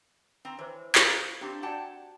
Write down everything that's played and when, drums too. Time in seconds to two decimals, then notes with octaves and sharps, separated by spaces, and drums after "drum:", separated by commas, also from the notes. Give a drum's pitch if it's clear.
0.45 C4 A#5
0.59 E3 C5 C#5
0.95 F4 C5 F5, drum: clap
1.41 C4 D4 G4 A#5
1.62 F#4 D5 F#5 G5 A5